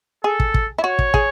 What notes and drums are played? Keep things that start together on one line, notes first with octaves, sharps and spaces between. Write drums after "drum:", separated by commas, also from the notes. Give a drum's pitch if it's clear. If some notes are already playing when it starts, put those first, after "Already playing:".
G#4 A4
drum: kick
drum: kick
E4
F#4 C#5
drum: kick
G#4, drum: kick